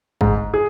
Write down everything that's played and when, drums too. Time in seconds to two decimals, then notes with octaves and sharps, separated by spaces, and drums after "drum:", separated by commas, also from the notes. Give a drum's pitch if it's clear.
0.21 G#2, drum: kick
0.54 G#4